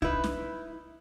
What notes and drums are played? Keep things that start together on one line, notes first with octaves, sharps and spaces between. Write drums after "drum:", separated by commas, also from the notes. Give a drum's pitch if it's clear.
D#4 E4 B4, drum: kick C2
drum: snare